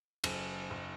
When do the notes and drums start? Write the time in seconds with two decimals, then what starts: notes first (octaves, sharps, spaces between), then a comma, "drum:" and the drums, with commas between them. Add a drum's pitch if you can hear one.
0.24 F#1, drum: cymbal
0.70 F#1